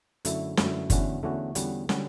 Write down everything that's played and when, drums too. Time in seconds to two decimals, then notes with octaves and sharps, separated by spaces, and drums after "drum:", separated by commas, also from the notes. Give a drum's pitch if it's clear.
0.25 F#2 D3 A3 E4, drum: hi-hat
0.57 F#2 D3 A3 E4, drum: snare
0.90 E2 D3 A3 C#4 F#4, drum: kick, hi-hat
1.23 E2 D3 A3 C#4 F#4
1.55 E2 D3 G3 C#4 F#4, drum: hi-hat
1.89 D3 G3 C#4 F#4, drum: snare